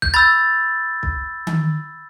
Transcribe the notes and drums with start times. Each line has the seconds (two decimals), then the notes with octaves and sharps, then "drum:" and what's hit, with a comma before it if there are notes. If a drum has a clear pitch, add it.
0.02 G6, drum: kick
0.14 B5 E6 G6 A6
1.03 drum: kick
1.47 drum: tom D#3